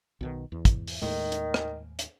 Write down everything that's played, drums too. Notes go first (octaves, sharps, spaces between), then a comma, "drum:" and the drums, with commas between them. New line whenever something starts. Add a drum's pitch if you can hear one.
B1 B2 D#3
E2
drum: kick, hi-hat
drum: open hi-hat
D#2 A2 D#3 G#3
drum: hi-hat
drum: rim click
drum: hi-hat